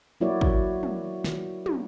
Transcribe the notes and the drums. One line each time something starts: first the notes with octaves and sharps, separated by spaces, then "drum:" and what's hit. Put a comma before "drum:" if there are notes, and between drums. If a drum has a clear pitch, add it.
F#3 A#3 E4 F#4 C#5 D5
drum: kick
drum: tom
drum: snare
drum: tom